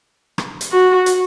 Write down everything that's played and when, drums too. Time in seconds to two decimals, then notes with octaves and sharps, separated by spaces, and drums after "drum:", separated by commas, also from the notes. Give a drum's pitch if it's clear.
0.38 drum: rim click
0.61 drum: hi-hat
0.72 F#4
1.06 drum: hi-hat